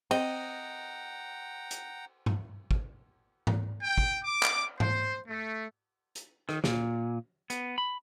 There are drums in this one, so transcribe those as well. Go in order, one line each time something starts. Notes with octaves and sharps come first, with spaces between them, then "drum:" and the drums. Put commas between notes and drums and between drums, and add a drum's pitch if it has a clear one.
C4 D#5 F#5 G5 A#5, drum: cymbal
drum: hi-hat
drum: tom G2
drum: kick
drum: tom G#2
G5
drum: kick
D6
drum: clap
C5, drum: tom G#2
A3
drum: hi-hat
D#3, drum: rim click
A#2, drum: snare
B3, drum: hi-hat
B5